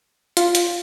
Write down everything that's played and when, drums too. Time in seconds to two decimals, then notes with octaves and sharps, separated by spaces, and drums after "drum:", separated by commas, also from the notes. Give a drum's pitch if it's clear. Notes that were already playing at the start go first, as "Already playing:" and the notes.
0.37 F4, drum: hi-hat
0.55 drum: hi-hat